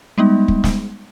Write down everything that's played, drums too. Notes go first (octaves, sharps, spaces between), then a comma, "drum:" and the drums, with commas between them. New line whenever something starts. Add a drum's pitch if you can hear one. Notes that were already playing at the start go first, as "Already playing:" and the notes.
G3 G#3 B3 D#4
drum: kick
drum: snare